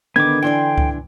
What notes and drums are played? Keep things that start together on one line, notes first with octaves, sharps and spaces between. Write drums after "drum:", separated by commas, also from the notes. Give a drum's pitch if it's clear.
D3 D#3 B3 D6 G#6
E3 D4 G5 G#5 C6
drum: kick C#2